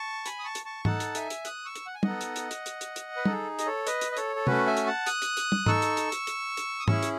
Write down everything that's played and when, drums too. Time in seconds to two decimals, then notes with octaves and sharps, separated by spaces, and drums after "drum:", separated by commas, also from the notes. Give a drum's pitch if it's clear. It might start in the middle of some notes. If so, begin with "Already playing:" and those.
Already playing: A5 C#6
0.26 G#5 B5, drum: hi-hat
0.39 D#6
0.44 A5 C#6
0.55 drum: hi-hat
0.65 A5 C#6
0.85 D#4 A4 F#5 A5, drum: tom G#2
1.00 drum: hi-hat
1.15 E5 G#5, drum: hi-hat
1.30 drum: hi-hat
1.45 D#6 F#6, drum: hi-hat
1.65 C#6 E6
1.76 drum: hi-hat
1.86 F#5
1.95 G#5
2.03 B3 D#4 A4 D#5 F#5, drum: tom
2.21 drum: hi-hat
2.36 drum: hi-hat
2.51 drum: hi-hat
2.66 drum: hi-hat
2.81 drum: hi-hat
2.96 drum: hi-hat
3.16 B4
3.25 D#4 G#4 A4, drum: tom
3.59 D#5, drum: hi-hat
3.66 A4 C#5
3.87 B4 D#5, drum: hi-hat
4.01 drum: hi-hat
4.12 D#5
4.17 A4 C#5, drum: hi-hat
4.36 A4
4.47 A3 C#4 F#4 B4, drum: tom C3
4.66 E5 G#5
4.77 drum: hi-hat
4.86 F#5 A5
5.06 D#6 F#6, drum: hi-hat
5.22 drum: hi-hat
5.37 drum: hi-hat
5.52 drum: tom
5.66 D#4 A4 C#6 E6, drum: tom G#2
5.82 drum: hi-hat
5.97 drum: hi-hat
6.12 drum: hi-hat
6.27 drum: hi-hat
6.57 drum: hi-hat
6.80 D#6
6.88 C#4 E4 G#4 C#6 E6, drum: tom G#2
7.02 drum: hi-hat